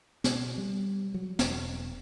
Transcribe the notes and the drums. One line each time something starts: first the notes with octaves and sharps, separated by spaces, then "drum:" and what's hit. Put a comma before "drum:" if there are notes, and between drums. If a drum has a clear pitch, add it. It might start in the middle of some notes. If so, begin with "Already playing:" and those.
B2, drum: snare
G3
F#3
E1, drum: snare